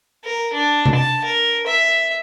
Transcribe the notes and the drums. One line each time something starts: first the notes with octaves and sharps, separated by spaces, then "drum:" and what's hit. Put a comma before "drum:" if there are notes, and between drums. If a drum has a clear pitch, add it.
A#4
D4
drum: tom C3
A5
A#4
E5